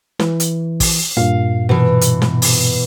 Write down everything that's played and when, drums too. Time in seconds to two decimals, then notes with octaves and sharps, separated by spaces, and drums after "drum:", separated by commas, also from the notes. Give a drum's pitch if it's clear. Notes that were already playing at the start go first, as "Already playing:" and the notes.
0.19 E3, drum: snare
0.40 drum: hi-hat
0.80 drum: kick, open hi-hat
1.17 G2 A#2 F5
1.69 B2 E3
2.01 drum: hi-hat
2.22 drum: snare
2.42 drum: open hi-hat